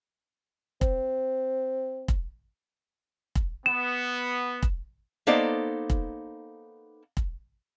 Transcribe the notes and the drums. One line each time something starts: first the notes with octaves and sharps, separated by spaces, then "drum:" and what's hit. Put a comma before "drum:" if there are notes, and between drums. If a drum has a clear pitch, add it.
C4, drum: kick
drum: kick
drum: kick
B3 E7
drum: kick
A#3 B3 D#4 A4 C5 D5
drum: kick
drum: kick